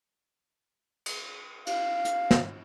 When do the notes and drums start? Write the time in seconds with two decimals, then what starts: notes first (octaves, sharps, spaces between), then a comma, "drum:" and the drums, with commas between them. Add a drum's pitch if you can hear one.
1.06 drum: cymbal
1.67 F5, drum: cymbal
2.05 drum: hi-hat
2.31 drum: snare